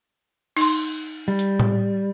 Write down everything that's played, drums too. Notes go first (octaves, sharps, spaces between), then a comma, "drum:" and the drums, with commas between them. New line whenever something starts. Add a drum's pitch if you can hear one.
D#4 C6, drum: cymbal
G3
drum: hi-hat
drum: tom A2